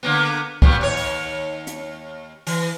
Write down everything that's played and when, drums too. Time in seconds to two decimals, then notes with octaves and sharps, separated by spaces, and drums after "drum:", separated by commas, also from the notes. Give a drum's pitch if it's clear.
0.03 D3 A#3 B3
0.62 A#2 G3 B3, drum: kick C#2
0.81 D#2 C#5
0.97 drum: open hi-hat
1.67 drum: hi-hat
2.47 E3, drum: open hi-hat